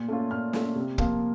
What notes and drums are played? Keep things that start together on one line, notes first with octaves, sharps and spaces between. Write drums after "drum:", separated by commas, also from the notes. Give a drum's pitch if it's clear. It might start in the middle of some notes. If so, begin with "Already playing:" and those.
Already playing: A#2
A3 C#4 F4
A#2 F6
A3 C#4 F4, drum: snare
C3
F3 A#3 F4, drum: kick